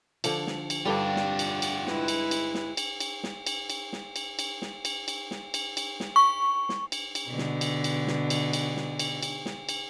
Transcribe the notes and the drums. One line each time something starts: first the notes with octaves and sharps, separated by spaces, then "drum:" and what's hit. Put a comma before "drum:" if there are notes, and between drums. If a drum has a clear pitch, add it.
D3 F3, drum: cymbal
drum: snare
drum: cymbal
G2 D3 G3 D4 F4 G4
drum: snare
drum: cymbal
drum: cymbal
G#3 E4 B4, drum: snare
drum: cymbal
drum: cymbal
drum: snare
drum: cymbal
drum: cymbal
drum: snare
drum: cymbal
drum: cymbal
drum: snare
drum: cymbal
drum: cymbal
drum: snare
drum: cymbal
drum: cymbal
drum: snare
drum: cymbal
drum: cymbal
drum: snare
C#6
drum: snare
drum: cymbal
drum: cymbal
B2 D3
drum: snare
drum: cymbal
drum: cymbal
drum: snare
drum: cymbal
drum: cymbal
drum: snare
drum: cymbal
drum: cymbal
drum: snare
drum: cymbal